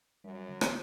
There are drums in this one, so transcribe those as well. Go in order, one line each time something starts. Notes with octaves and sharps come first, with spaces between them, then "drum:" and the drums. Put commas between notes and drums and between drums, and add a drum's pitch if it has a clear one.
F#2 G3
D3
drum: rim click